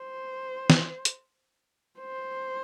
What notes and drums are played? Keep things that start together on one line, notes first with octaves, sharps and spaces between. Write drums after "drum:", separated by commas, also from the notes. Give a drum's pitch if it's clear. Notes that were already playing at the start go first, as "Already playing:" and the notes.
Already playing: C5
drum: snare
drum: hi-hat
C5